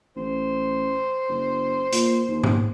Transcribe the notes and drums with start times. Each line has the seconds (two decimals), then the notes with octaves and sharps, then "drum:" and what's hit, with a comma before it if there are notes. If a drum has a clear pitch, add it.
0.16 A1 C5
1.28 F#1
1.93 A#2, drum: hi-hat
2.28 D#2
2.44 drum: tom G#2